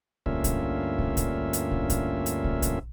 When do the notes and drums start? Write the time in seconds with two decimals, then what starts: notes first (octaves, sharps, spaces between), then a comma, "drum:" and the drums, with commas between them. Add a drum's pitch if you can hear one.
0.26 D2 G2 A#3 C#4 F4 E5, drum: kick
0.44 drum: kick, hi-hat
0.99 drum: kick
1.17 drum: kick, hi-hat
1.53 drum: hi-hat
1.71 drum: kick
1.90 drum: kick, hi-hat
2.26 drum: hi-hat
2.44 drum: kick
2.62 drum: kick, hi-hat